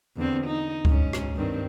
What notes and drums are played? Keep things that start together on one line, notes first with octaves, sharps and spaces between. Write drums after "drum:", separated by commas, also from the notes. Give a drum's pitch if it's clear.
E2 D3 C4
D#4
G#2 C#4, drum: kick C#2
drum: rim click
G2 D#3 C4